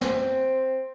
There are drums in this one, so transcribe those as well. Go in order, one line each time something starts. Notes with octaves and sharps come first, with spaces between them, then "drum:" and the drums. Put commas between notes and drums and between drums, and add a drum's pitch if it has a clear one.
C4, drum: snare